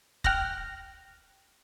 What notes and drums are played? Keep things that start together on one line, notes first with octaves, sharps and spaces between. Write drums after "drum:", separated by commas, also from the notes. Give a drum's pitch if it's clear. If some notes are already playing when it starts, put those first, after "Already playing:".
G5 F6 F#6 A#6, drum: kick